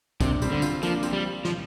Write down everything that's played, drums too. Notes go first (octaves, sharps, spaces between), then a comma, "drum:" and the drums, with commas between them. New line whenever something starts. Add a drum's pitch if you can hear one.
C3 A#3 D4, drum: kick, tambourine
G3 C4, drum: tambourine
D3
C4 F4, drum: tambourine
F3 A#3 D4, drum: tambourine
C4 F4, drum: tambourine
G3
F3, drum: snare